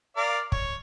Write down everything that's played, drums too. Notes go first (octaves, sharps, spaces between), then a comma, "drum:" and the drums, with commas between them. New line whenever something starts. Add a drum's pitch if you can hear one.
A#4 D5 F5
C#5, drum: kick